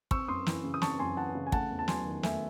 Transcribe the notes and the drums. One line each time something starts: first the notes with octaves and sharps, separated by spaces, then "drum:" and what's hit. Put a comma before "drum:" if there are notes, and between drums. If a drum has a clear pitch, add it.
C4 C#6 E6, drum: kick
F#2 C6 D#6
E3, drum: snare
C#3
D#6
C4 A5 C#6, drum: snare
F#2 G#5 C6
E3 F#5 A5
C#3
G#5
A3 F#5 A5, drum: kick
E2
A5
F#3 G#5 C6, drum: snare
D#3
A3 E5 G#5, drum: snare